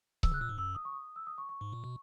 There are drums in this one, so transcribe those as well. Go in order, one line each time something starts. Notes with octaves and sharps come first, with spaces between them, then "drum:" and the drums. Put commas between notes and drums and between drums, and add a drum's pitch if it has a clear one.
E3 E6, drum: kick C#1
C#3 F#6
A#2 E6
G#2
F#2 E6
D#6
C#6
D#6
E6
D#6
C#6
C#6
G#2
A#2
B2